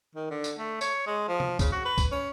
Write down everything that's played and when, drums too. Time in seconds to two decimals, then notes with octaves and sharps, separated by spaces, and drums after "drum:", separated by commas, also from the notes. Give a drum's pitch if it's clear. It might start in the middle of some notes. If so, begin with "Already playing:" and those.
0.15 D#3
0.30 D3
0.44 drum: tambourine
0.58 A3
0.81 C#5, drum: tambourine
1.07 G#3
1.28 F3
1.40 drum: tom C3
1.59 C#3, drum: kick, tambourine
1.72 F#4
1.85 B4
1.98 drum: kick, tambourine
2.11 C#4